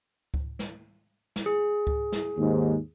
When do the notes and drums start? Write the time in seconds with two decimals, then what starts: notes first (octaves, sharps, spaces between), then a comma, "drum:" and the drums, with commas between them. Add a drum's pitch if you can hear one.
0.34 drum: kick C#2
0.59 drum: snare
1.36 drum: snare
1.46 G#4
1.87 drum: kick C#2
2.12 drum: snare
2.38 D#2 G#2